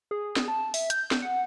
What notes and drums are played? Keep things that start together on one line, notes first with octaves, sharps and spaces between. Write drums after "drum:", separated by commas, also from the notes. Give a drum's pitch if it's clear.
G#4
drum: snare
A5
E5, drum: open hi-hat
G6, drum: hi-hat
drum: snare
F#5